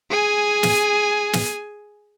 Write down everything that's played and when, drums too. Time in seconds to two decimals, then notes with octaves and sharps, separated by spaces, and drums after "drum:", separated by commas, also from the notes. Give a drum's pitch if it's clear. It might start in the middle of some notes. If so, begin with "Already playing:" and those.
0.10 G#4 G#5
0.63 drum: snare
1.33 drum: snare